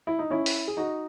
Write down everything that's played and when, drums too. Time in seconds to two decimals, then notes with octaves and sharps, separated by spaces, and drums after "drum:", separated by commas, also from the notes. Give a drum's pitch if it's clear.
0.07 E4
0.19 D#4
0.30 C#4 E4
0.46 drum: open hi-hat
0.68 G#4
0.77 D#4 F#4